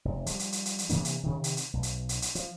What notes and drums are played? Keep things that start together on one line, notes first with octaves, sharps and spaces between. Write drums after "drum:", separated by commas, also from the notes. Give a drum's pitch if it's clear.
F1
F3 G3, drum: hi-hat
drum: hi-hat
drum: hi-hat
drum: hi-hat
drum: hi-hat
C3 E3 A#3 D4, drum: hi-hat
drum: hi-hat
C3 D#3
drum: hi-hat
drum: hi-hat
B1
drum: hi-hat
drum: hi-hat
drum: hi-hat
F3, drum: hi-hat